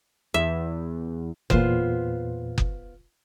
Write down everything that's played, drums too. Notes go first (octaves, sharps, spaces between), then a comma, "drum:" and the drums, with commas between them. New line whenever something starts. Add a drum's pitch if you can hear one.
E2 E5
E2 A#2 B3 F4 C5, drum: kick F#1
drum: kick F#1